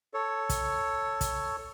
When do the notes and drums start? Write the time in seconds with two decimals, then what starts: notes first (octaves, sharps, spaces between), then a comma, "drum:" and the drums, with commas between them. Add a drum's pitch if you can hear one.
0.14 A4 C#5
0.49 drum: kick, hi-hat
1.21 drum: kick, hi-hat